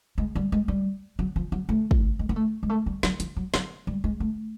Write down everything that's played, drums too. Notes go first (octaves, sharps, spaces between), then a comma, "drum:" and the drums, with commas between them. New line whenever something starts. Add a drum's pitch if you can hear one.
G#3
G3
G#3
G3
F#3
F3
F#3
A3
drum: kick
G#3
A#3
A3
G#3
A3
G3
F#3, drum: snare
F3, drum: hi-hat
F#3
F#3, drum: snare
G3
G#3
A3